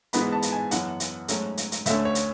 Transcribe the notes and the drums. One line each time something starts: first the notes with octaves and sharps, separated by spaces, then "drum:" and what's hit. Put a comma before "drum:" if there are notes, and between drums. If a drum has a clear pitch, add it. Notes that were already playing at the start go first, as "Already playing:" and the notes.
G#2 E3 G#3 B3 B5, drum: hi-hat
A5
drum: hi-hat
G#5
F#2 E3 B3 F#5, drum: hi-hat
drum: hi-hat
G#2 F#3 A3 C#4, drum: hi-hat
drum: hi-hat
drum: hi-hat
D2 D3 A3 C#4 E5, drum: hi-hat
C#5
drum: hi-hat